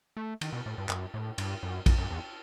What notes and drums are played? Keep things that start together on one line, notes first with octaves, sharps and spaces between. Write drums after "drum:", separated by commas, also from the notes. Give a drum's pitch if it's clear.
A3
D#3, drum: cymbal
B2
A2
G2
F#2, drum: clap
A2
G2, drum: cymbal
F#2
F#2, drum: kick A#1, cymbal
F#2
E2